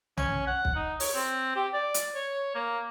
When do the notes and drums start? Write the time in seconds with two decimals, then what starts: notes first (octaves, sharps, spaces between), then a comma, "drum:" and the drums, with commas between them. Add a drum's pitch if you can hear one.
0.17 C#4, drum: tom B1
0.47 F#5
0.65 drum: kick
0.75 D#4
1.00 C#5, drum: open hi-hat
1.14 C4
1.55 G4
1.73 D5
1.94 drum: hi-hat
2.15 C#5
2.55 A#3